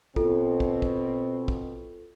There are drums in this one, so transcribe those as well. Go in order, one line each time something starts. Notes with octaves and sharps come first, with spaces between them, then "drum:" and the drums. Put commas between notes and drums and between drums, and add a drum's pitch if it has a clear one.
B2 C4 F4 A4, drum: kick
drum: kick
drum: kick
drum: kick